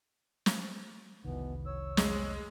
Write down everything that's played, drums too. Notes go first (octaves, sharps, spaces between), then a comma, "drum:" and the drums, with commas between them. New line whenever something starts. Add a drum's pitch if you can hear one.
drum: snare
F1 C2 B2 D#3 E3 B3
C#5 E6
G#3, drum: snare